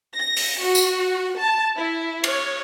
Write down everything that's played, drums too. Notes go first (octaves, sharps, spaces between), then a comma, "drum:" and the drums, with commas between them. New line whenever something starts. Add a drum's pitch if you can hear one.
A#6
drum: open hi-hat
F#4
drum: tambourine
A5
E4
C#5, drum: cymbal